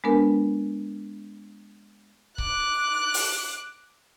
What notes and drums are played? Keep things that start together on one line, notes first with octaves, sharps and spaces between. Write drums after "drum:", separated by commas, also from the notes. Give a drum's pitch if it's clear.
G#3 B3 D4 A#4 B4
D6 F#6, drum: kick C#1
drum: open hi-hat